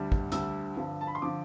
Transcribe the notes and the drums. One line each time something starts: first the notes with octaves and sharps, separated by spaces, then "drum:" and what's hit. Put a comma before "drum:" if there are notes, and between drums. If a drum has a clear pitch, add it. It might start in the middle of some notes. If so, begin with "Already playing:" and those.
Already playing: D2 D3 G3
drum: kick
D2 D3 G3 E6, drum: hi-hat
G2 D3 F3
A5
B5
C6
D3 F3 D6